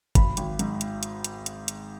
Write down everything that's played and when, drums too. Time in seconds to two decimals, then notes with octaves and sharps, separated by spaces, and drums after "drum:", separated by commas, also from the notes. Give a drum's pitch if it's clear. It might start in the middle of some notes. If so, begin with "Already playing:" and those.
0.15 G#1 B5, drum: kick G1, hi-hat
0.37 G#1, drum: hi-hat
0.59 G#2, drum: hi-hat
0.81 drum: hi-hat
1.03 drum: hi-hat
1.24 drum: hi-hat
1.46 drum: hi-hat
1.68 drum: hi-hat